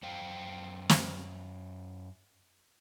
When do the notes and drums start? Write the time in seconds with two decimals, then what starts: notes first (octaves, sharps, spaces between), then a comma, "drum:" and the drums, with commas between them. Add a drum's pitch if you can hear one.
0.03 F#2 C5 F5 G5
0.89 drum: snare